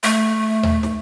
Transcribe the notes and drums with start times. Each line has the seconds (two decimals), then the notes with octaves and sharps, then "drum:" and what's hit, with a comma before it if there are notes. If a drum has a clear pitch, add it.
0.04 A3
0.63 drum: tom D#2
0.83 drum: snare